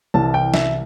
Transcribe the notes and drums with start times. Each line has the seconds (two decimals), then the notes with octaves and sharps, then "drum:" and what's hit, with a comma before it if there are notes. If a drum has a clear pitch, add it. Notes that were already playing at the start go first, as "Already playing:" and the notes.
0.14 C2 C3 E3 A5
0.34 G5
0.54 E5, drum: snare